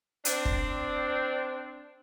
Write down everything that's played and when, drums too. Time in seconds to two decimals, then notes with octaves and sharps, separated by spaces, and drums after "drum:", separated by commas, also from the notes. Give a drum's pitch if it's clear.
0.25 C4 D4, drum: hi-hat
0.45 drum: kick